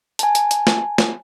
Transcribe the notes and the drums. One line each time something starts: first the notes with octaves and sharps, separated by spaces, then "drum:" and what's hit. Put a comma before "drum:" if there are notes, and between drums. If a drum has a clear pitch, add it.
G#5 A5, drum: hi-hat
drum: hi-hat
drum: hi-hat
drum: snare
drum: snare